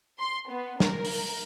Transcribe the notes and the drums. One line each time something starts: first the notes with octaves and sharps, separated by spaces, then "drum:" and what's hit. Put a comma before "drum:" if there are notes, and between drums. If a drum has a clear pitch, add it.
C6
B3
A#4, drum: snare
drum: open hi-hat